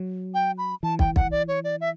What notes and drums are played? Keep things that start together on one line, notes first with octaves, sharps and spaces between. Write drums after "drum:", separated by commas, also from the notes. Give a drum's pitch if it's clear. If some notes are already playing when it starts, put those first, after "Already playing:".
Already playing: F#3
G5
B5
E3 A5
G5, drum: kick
F#5, drum: kick
D5
C#5
D5
E5